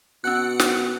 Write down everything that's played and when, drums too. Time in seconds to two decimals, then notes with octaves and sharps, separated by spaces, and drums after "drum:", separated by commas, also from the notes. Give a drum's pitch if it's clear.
0.24 B2 C#4 F#5 F#6 C#7
0.59 drum: snare